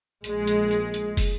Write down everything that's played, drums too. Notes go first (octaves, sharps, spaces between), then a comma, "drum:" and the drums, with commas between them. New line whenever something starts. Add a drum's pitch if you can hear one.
A#1 G#3, drum: hi-hat
drum: hi-hat
drum: hi-hat
drum: hi-hat
drum: kick, open hi-hat